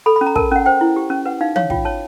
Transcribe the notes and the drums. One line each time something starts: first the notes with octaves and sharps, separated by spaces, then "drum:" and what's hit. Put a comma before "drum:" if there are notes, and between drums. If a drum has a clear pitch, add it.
A4 B5
B5
C#4
A#5
A#4 A5, drum: kick
C#4 F#5
C5 G5
E4
G4
C#4
B4 F#5
D#4 F5
C#5 F5, drum: tom E3
F4 G5, drum: kick
C#5 A5